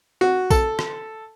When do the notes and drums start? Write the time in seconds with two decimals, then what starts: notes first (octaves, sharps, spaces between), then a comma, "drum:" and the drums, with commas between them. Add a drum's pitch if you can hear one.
0.21 F#4
0.51 A4, drum: kick, tambourine
0.79 drum: rim click